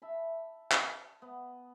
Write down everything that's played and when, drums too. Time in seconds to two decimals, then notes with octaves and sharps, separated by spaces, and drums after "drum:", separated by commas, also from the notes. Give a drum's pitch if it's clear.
0.02 E5 A5 B5
0.71 drum: clap
1.22 B3